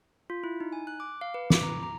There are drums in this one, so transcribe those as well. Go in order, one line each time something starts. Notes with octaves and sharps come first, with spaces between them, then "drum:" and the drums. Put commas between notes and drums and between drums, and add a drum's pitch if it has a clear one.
F4
E4
D#4
G#5
F#6
D6
F5
B4
D6, drum: snare
A#5
A#5